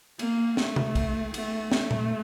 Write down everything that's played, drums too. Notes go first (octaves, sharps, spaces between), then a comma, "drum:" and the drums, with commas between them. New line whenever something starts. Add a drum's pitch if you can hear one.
A#3, drum: cymbal
A3, drum: snare
drum: tom C3
drum: kick, cymbal
A3, drum: cymbal
A3, drum: snare
drum: tom A#2